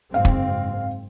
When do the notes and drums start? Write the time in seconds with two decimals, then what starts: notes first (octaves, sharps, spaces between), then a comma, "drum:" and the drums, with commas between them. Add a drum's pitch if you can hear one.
0.14 F#1 G#2 C4 F5
0.25 drum: kick